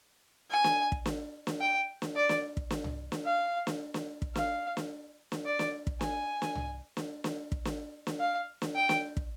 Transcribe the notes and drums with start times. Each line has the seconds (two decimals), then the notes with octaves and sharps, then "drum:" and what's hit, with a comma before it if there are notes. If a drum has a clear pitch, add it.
0.51 G#5
0.64 drum: snare
0.92 drum: kick
1.06 drum: snare
1.47 drum: snare
1.61 G5
2.02 drum: snare
2.16 D5
2.29 drum: snare
2.57 drum: kick
2.71 drum: snare
2.84 drum: tom C2
3.12 drum: snare
3.25 F5
3.67 drum: snare
3.94 drum: snare
4.22 drum: kick
4.35 F5, drum: snare
4.77 drum: snare
5.32 drum: snare
5.46 D5
5.59 drum: snare
5.87 drum: kick
6.01 G#5, drum: snare
6.42 drum: snare
6.55 drum: tom C2
6.97 drum: snare
7.24 drum: snare
7.52 drum: kick
7.65 drum: snare
8.07 drum: snare
8.20 F5
8.62 drum: snare
8.76 G5
8.89 drum: snare
9.17 drum: kick